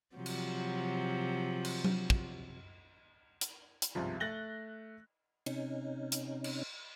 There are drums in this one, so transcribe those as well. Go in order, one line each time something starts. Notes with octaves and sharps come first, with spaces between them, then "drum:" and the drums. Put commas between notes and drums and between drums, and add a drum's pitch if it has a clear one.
C3 F3 F#3
drum: cymbal
drum: cymbal
drum: tom F#3
drum: kick
drum: hi-hat
drum: hi-hat
G#1 C#2 G2 C3 F3
A3 F#6 A6 A#6 F#7 G7
C3 C#4 D#4, drum: cymbal
drum: hi-hat
drum: cymbal